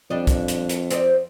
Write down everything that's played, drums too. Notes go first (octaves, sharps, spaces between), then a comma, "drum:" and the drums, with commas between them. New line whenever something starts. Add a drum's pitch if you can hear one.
F2 G3 D4 D#5
drum: kick, hi-hat
drum: hi-hat
drum: hi-hat
C4 D5 D#5, drum: hi-hat